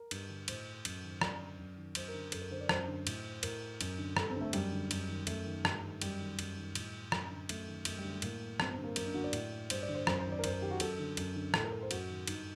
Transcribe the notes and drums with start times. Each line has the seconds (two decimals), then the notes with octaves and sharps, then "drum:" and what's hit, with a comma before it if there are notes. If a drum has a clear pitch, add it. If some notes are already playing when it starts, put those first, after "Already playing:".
Already playing: A#4
0.11 G2, drum: cymbal
0.29 D3
0.48 A2 C5, drum: cymbal
0.85 F#2, drum: cymbal
1.04 D#3
1.21 F#2 D5, drum: rim click
1.41 D3
1.59 F#2
1.77 D#3
1.95 F#2 C5, drum: cymbal
2.08 A#4
2.14 D3
2.32 F#2 A4, drum: cymbal
2.41 A#4
2.51 D3 C5
2.61 D5
2.69 F#2 C5, drum: rim click
2.88 D3
3.07 A2, drum: cymbal
3.43 A2 A#4, drum: cymbal
3.81 F#2, drum: cymbal
3.98 D3
4.17 G2 A4, drum: rim click
4.30 C4
4.36 D3
4.41 A3
4.53 F#2 G3, drum: cymbal
4.72 D3
4.91 F#2, drum: cymbal
5.09 D#3
5.27 F#2 A3, drum: cymbal
5.46 D#3
5.65 G2, drum: rim click
5.83 D#3
6.02 F#2 G3, drum: cymbal
6.19 D#3
6.39 F#2, drum: cymbal
6.57 D#3
6.75 A2, drum: cymbal
7.12 F#2, drum: rim click
7.30 D3
7.49 F#2 A3, drum: cymbal
7.67 D#3
7.85 F#2 A3, drum: cymbal
7.98 G3
8.04 D3
8.10 A3
8.22 A2 A#3, drum: cymbal
8.60 G2 C4, drum: rim click
8.72 C4
8.78 D3
8.84 A#3
8.96 F#2 A#3, drum: cymbal
9.06 D4
9.14 D3 F#4
9.24 D5
9.33 A2, drum: cymbal
9.70 G2 C5, drum: cymbal
9.83 D5
9.89 D3
9.94 C5
10.07 F#2 C5, drum: rim click
10.19 C5
10.25 D#3
10.32 D5
10.39 A#4
10.44 F#2 C5, drum: cymbal
10.53 A#4
10.62 D#3 G4
10.71 F#4
10.80 F#2 A4, drum: cymbal
10.99 D3
11.17 F#2, drum: cymbal
11.35 D3
11.54 A2 A4, drum: rim click
11.64 A#4
11.72 A4
11.82 C5
11.91 F#2 F#4, drum: cymbal
12.09 D#3
12.27 G2 D#4, drum: cymbal